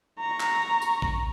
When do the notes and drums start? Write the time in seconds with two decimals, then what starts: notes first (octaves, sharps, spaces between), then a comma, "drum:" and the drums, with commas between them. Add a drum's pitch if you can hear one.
0.20 A#5 C#6
0.40 drum: clap
0.82 drum: tambourine
1.02 drum: kick A1